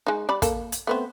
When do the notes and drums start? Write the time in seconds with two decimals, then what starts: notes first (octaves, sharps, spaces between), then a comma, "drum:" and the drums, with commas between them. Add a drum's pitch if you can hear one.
0.07 G#3 D#4
0.29 G3 D5 B5
0.42 A#3 A4, drum: kick, hi-hat
0.72 drum: hi-hat
0.87 A3 B3 C4